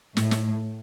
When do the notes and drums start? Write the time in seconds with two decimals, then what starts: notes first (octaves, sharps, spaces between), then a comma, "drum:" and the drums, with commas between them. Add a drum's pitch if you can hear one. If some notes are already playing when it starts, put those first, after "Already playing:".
0.17 A2, drum: snare
0.31 drum: snare